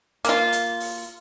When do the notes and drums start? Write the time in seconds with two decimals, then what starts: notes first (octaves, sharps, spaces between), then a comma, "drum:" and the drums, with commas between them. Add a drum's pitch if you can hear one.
0.25 A#3 F4, drum: hi-hat
0.52 drum: hi-hat
0.80 drum: open hi-hat